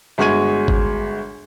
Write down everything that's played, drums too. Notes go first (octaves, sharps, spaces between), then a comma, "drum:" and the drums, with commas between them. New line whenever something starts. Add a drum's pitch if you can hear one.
G1 G#3 F#4 C#6 G#6 D#7
drum: kick G#1